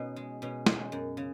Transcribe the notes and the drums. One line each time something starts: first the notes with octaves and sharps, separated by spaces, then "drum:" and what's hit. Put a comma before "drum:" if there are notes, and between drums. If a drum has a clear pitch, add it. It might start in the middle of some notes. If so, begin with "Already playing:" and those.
Already playing: B2 C#4 D#4 F#4
G#3
B2 C#4
G#3, drum: snare
F#2
C#3